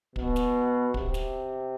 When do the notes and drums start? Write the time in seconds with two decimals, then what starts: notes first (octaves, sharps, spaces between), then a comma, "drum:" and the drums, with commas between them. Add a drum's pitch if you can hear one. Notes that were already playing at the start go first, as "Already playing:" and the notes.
0.16 B2, drum: kick
0.36 drum: snare
0.94 C3, drum: kick
1.14 drum: snare